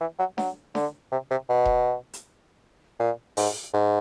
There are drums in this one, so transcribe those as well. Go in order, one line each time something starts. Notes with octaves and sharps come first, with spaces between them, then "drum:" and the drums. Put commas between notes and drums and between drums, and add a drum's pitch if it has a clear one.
E3
F#3
F#3, drum: snare D4
D3, drum: snare D4
C3
C3
B2
drum: kick E1
drum: hi-hat
A#2
G#2, drum: open hi-hat
G#2